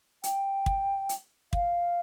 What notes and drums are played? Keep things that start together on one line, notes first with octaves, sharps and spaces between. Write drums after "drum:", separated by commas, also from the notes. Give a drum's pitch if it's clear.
G5, drum: hi-hat
drum: kick
drum: hi-hat
F5, drum: kick